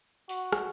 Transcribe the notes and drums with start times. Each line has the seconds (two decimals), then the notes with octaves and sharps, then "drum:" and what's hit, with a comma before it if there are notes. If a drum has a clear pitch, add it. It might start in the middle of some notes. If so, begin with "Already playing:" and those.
0.29 F#4, drum: open hi-hat
0.52 drum: rim click